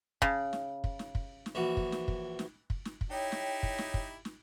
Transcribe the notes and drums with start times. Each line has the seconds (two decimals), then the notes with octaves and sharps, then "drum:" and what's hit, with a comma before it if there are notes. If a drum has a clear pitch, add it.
0.22 C#3, drum: kick
0.53 drum: snare
0.84 drum: kick
0.99 drum: snare
1.15 drum: kick
1.46 drum: snare
1.55 A#1 E3 F#4
1.77 drum: kick
1.92 drum: snare
2.08 drum: kick
2.39 drum: snare
2.70 drum: kick
2.85 drum: snare
3.01 drum: kick
3.10 D#4 E4 G4 C#5 G5
3.32 drum: snare
3.63 drum: kick
3.78 drum: snare
3.94 drum: kick
4.25 drum: snare